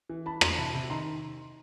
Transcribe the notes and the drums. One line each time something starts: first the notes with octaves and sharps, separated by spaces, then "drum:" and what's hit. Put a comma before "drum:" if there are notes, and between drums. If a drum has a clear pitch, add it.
E3
E3 A5 B5
E3 A#5 C6, drum: rim click
C3 A5 B5
C3
D#3 A#5 C6